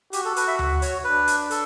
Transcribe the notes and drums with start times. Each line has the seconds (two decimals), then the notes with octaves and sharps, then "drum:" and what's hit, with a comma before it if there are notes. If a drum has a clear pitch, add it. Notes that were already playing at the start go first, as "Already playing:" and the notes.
0.13 F#4 G4, drum: hi-hat
0.25 A4
0.36 B4, drum: hi-hat
0.48 E5
0.59 drum: tom D2
0.82 C#5, drum: hi-hat
1.04 D4 B4
1.28 drum: hi-hat
1.51 A4, drum: hi-hat